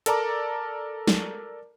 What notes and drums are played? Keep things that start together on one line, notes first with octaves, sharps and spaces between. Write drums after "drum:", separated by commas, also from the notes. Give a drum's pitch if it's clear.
A4 A#4 D5 A5 A#5 D6, drum: hi-hat
drum: snare